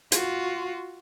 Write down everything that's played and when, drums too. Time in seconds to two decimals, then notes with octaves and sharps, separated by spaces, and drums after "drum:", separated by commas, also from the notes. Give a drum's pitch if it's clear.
0.12 F4 F#4, drum: hi-hat